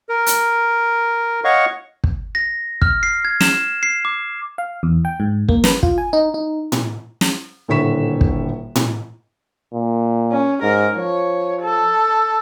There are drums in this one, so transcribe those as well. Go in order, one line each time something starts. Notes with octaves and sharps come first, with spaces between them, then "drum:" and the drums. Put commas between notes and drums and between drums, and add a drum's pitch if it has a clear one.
A#4
drum: hi-hat
C#5 D#5 F5 F#5 C#6
drum: kick
A#6
F6, drum: kick
C7
G#6
E7, drum: snare
C7
D6
F5
E2
G5
G#2
A#3, drum: kick
B4, drum: snare
F4, drum: kick
G#5
D#4
D#4
drum: tom A2
drum: snare
D#1 A2 D3 C#6 B6 E7
drum: kick
drum: tom A2
A#2
C#4
G#2 A#4
F3 C#5
A4